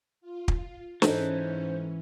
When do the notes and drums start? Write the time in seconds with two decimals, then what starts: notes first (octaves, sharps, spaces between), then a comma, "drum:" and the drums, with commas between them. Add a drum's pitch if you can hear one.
0.21 F4
0.48 drum: kick
1.02 G#2 E3 C#4 D#4 A4 C5, drum: snare